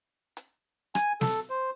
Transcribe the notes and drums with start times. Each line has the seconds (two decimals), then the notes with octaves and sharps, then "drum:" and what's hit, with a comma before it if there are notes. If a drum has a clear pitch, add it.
0.37 drum: hi-hat
0.95 G#5, drum: rim click
1.21 A4, drum: snare
1.49 C5